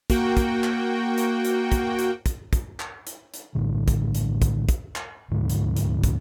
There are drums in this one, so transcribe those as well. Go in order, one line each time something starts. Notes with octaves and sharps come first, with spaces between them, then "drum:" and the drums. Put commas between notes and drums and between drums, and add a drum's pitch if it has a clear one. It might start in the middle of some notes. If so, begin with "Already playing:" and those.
A#3 F#4 G5, drum: kick, hi-hat
drum: kick, hi-hat
drum: clap
drum: hi-hat
drum: hi-hat
drum: kick, hi-hat
drum: hi-hat
drum: kick, hi-hat
drum: kick, hi-hat
drum: clap
drum: hi-hat
drum: hi-hat
A#1 A2 D3
drum: kick, hi-hat
drum: hi-hat
drum: kick, hi-hat
drum: kick, hi-hat
drum: clap
D#1 D2 G#2 D3
drum: hi-hat
drum: hi-hat
drum: kick, hi-hat